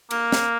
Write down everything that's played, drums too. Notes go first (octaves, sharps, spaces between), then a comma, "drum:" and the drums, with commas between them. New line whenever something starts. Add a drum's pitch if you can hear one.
A#3, drum: cymbal
drum: snare